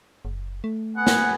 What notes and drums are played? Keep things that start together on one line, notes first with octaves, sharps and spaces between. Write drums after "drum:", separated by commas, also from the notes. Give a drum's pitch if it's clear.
F#1
A3
B3 F#5 G#5
drum: snare